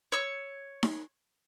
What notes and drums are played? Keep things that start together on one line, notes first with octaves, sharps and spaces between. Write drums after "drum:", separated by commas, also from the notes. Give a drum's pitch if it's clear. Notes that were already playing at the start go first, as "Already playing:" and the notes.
C#5 E6
drum: snare D#4